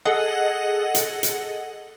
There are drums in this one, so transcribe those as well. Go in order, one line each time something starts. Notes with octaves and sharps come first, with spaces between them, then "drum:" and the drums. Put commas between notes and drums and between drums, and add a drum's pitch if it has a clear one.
G#4 A4 D#5 F#5
drum: hi-hat
drum: hi-hat